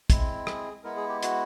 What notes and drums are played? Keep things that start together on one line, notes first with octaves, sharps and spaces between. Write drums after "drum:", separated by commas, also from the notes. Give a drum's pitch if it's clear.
G#3 C4 E4, drum: kick, hi-hat
G#4, drum: rim click
G#3 B3 E4 A#4
G#4
G4
F#4, drum: hi-hat